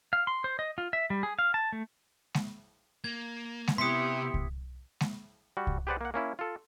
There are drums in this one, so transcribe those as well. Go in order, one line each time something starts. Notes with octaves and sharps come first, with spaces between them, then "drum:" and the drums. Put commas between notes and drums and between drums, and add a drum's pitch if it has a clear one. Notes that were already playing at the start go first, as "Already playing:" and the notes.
F5
C6
C5
D#5
F4
E5
G3
G#4
F5
A5
A3
drum: snare G#3
A#3 G#6
drum: snare G#3
C3 B3 E4 G4 C6 D#6 B6 C#7
drum: kick C2
drum: snare G#3
G3 F#4
drum: kick C2
G4 G#4 B4 C5 D5 F#5
A#3 F#5
A#3 C#4 E4
F4 A4